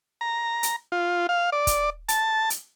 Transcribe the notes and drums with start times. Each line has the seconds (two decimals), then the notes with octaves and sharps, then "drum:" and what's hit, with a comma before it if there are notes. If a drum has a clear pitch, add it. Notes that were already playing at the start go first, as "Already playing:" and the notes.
0.21 A#5
0.63 drum: hi-hat
0.92 F4
1.29 F5
1.52 D5
1.67 drum: kick, hi-hat
2.09 A5, drum: hi-hat
2.50 drum: hi-hat